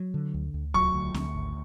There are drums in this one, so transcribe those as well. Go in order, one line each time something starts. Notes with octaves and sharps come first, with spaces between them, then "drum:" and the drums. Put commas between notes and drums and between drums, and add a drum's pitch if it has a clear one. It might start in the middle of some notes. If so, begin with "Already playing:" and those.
Already playing: F#3
D3
D2
D2
F#3 C#6, drum: kick C2
D2
D2, drum: snare C4
G#1